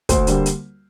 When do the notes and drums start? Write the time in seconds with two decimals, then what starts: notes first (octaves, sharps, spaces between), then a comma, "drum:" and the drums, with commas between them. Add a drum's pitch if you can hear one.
0.09 D2 C5, drum: kick, hi-hat
0.27 D3 G3 A#3, drum: hi-hat
0.46 drum: hi-hat